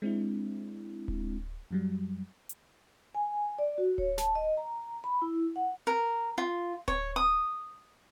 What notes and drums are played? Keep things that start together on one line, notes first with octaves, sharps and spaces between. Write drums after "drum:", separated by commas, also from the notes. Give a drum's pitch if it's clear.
G#3 C4 D4 E4
drum: kick D1
F#2 F#3 G3
drum: hi-hat
G#5
D5
F#4
C#5, drum: kick D1
A5, drum: snare
D#5
A#5
B5
E4
F#5
A#4
F4
C#5, drum: kick D1
D#6